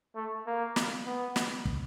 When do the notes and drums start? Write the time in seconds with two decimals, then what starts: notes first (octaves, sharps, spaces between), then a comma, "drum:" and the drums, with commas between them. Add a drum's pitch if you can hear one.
0.16 A3
0.47 A#3
0.76 drum: snare
1.06 B3
1.36 drum: snare
1.65 drum: kick